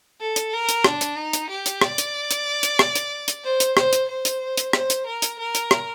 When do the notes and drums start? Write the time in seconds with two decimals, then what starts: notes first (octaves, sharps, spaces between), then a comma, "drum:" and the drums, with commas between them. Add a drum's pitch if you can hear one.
0.20 A4
0.36 drum: hi-hat
0.53 A#4
0.69 drum: hi-hat
0.84 D4, drum: rim click
1.01 drum: hi-hat
1.18 D#4
1.33 drum: hi-hat
1.50 G4
1.66 drum: hi-hat
1.81 D5, drum: rim click
1.98 drum: hi-hat
2.31 drum: hi-hat
2.63 drum: hi-hat
2.79 drum: rim click
2.95 drum: hi-hat
3.28 drum: hi-hat
3.44 C5
3.60 drum: hi-hat
3.77 C5, drum: rim click
3.93 drum: hi-hat
4.09 C5
4.25 drum: hi-hat
4.57 drum: hi-hat
4.73 C5, drum: rim click
4.90 drum: hi-hat
5.06 A#4
5.22 drum: hi-hat
5.39 A#4
5.55 drum: hi-hat
5.71 drum: rim click